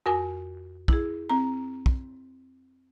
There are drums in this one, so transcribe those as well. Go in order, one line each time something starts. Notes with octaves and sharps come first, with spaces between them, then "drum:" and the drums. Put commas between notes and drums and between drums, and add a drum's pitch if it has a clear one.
F2 F#4 A#4 G#5
E4 G#4, drum: kick
C4 A#5
drum: kick